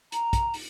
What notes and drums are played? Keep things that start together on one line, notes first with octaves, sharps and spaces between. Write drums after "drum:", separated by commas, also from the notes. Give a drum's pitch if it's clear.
A#5, drum: hi-hat
drum: kick, hi-hat
drum: open hi-hat